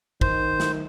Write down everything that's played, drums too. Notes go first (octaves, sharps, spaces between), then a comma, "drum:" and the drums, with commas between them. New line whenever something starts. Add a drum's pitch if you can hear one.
D#3 C5, drum: kick
drum: snare